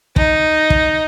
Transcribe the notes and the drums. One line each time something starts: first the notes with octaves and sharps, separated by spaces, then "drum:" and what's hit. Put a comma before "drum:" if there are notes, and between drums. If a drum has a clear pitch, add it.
D#4, drum: kick
drum: kick